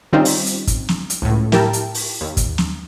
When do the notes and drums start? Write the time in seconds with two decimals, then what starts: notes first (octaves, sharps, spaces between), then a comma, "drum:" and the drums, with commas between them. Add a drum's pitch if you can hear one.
0.13 D#3 G3 C4 C#4 D#4 F4
0.25 drum: open hi-hat
0.46 drum: hi-hat
0.67 drum: kick, hi-hat
0.89 drum: snare
1.10 drum: hi-hat
1.22 C#2 A2
1.52 E4 G4 A#4 G5 A5, drum: snare
1.73 drum: hi-hat
1.94 drum: open hi-hat
2.21 D#2
2.37 drum: kick, hi-hat
2.58 drum: snare